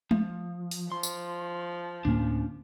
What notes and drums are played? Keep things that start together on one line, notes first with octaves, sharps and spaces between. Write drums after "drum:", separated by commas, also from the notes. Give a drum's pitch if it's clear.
F3, drum: tom G#3
drum: open hi-hat
F3 C6
drum: tambourine
D2 A2 A#3 C#4 D4